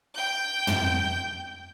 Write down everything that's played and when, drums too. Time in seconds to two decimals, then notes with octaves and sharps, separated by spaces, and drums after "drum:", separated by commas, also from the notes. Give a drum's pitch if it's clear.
0.14 G5 G6
0.67 drum: tom